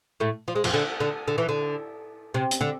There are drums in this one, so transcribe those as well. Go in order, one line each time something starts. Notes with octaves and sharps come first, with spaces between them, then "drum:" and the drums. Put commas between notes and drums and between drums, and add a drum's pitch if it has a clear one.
A2 A3
F3
G#3
F2 F3, drum: cymbal
D3
D3
D3
E3
D3
C3
drum: hi-hat
D3